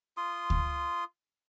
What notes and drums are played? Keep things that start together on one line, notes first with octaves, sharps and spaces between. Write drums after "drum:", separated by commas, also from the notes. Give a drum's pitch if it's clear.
F4 C6 D#6
drum: kick D2